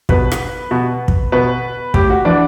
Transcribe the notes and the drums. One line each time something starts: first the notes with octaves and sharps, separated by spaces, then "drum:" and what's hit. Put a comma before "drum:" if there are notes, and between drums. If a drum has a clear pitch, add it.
B2 B4, drum: kick
drum: rim click
B2
drum: kick
B2 B4
A2 G4, drum: kick
F#4
E3 D4